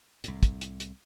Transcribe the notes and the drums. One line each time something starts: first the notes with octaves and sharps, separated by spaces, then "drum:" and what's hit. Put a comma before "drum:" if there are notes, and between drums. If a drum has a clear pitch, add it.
C2 A2, drum: hi-hat
drum: kick, hi-hat
drum: hi-hat
drum: hi-hat